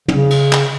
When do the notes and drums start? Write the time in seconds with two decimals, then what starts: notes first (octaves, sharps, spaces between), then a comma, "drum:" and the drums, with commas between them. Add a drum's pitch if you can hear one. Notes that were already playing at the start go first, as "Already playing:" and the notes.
0.08 C#3, drum: tom
0.30 drum: cymbal
0.53 drum: clap